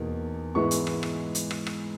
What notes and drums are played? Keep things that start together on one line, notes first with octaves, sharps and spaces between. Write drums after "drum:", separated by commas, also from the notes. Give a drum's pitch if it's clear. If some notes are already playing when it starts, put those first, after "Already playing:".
Already playing: E2 B2 A#3 D#4
G#2 E3 G#3 B3 E4 C#6
drum: hi-hat
drum: rim click
drum: rim click
drum: hi-hat
drum: rim click
drum: rim click